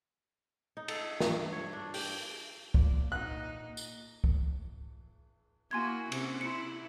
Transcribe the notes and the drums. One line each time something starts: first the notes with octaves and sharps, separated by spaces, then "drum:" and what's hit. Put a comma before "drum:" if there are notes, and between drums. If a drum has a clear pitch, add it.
D#4
A4, drum: cymbal
G2, drum: snare
C#5
D4
G4, drum: open hi-hat
A#2, drum: kick
A#3 D#4 F#6
drum: tambourine
drum: kick
A#3 E4 F#4 G#5 C6 G#6
C3 C#4, drum: cymbal
E4 C6 C#7